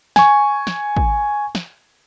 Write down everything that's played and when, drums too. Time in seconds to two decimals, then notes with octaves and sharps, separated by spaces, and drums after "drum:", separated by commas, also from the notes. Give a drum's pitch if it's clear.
0.16 G#5 C#6, drum: snare
0.67 drum: snare
0.96 drum: kick
1.55 drum: snare